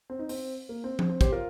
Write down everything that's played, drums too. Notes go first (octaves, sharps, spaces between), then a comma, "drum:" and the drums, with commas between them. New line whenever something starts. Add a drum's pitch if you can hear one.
C4
D#4
C4, drum: open hi-hat
A#3
C4
C4, drum: tom F3
C4
G4 C5, drum: kick, hi-hat
F4 A#4